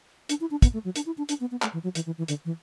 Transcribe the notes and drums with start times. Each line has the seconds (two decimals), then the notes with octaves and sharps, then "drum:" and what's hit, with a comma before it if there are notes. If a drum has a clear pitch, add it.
0.29 D4, drum: hi-hat
0.41 E4
0.51 D4
0.62 B3, drum: kick, hi-hat
0.73 A3
0.85 F#3
0.96 D4, drum: hi-hat
1.06 E4
1.18 D4
1.29 D4, drum: hi-hat
1.40 B3
1.51 B3
1.62 A3, drum: clap
1.73 E3
1.84 F#3
1.95 E3, drum: hi-hat
2.06 E3
2.18 E3
2.28 D3, drum: hi-hat
2.45 E3